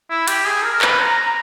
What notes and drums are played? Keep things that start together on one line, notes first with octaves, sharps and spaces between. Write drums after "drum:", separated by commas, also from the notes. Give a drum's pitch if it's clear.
E4
G4, drum: cymbal
G#4
A#4
A#4
B4, drum: clap
A#5
A#5